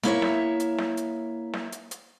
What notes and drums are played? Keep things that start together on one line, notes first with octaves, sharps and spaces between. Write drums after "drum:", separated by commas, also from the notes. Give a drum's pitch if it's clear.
A#3 E4 C#5 E5, drum: snare
drum: snare
drum: hi-hat
drum: snare
drum: hi-hat
drum: snare
drum: hi-hat
drum: hi-hat